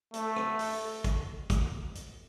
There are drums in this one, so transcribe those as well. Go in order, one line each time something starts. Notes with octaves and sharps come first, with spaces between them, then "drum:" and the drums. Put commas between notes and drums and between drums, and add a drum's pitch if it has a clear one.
A3, drum: hi-hat
drum: rim click
drum: open hi-hat
drum: kick, hi-hat
drum: kick, hi-hat
drum: hi-hat